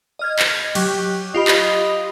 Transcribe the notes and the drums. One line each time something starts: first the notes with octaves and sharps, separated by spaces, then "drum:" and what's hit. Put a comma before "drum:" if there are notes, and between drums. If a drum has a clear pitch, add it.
D#5 F6 G#6
drum: clap
F#3 G4, drum: cymbal
F4 G4 D#5 B5
drum: clap